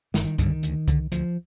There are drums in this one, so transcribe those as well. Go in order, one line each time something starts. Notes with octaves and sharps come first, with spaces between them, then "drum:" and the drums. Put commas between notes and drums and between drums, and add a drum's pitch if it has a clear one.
G1 D#3, drum: snare
G2 D3 D#3, drum: kick C2, hi-hat
D2, drum: hi-hat
D3, drum: kick C2, hi-hat
D2 F3, drum: hi-hat